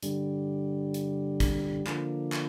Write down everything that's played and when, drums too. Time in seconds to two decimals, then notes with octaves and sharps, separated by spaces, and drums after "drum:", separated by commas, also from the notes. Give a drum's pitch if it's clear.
0.03 G2 D3 G3, drum: hi-hat
0.94 drum: hi-hat
1.40 drum: kick, hi-hat
1.87 D3 F3 A#3, drum: clap
2.32 drum: clap